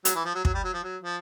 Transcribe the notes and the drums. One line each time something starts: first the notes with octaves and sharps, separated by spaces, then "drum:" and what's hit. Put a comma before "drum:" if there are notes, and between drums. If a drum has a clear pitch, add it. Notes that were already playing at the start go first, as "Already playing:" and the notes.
F#3, drum: hi-hat
E3
F3
F#3
F#3, drum: kick
G3
F#3
F3
F#3
F3